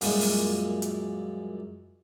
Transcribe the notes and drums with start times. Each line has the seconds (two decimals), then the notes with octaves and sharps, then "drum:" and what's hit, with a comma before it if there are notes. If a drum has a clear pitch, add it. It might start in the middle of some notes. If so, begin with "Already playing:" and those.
0.01 F#2 A#2 G3 G#3 E4, drum: open hi-hat
0.21 drum: open hi-hat
0.82 drum: hi-hat